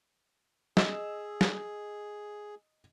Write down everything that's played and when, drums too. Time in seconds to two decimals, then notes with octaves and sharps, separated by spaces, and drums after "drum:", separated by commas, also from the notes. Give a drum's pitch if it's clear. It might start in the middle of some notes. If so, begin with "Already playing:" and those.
0.77 G#4 D#5 E6 E7, drum: snare
1.41 drum: snare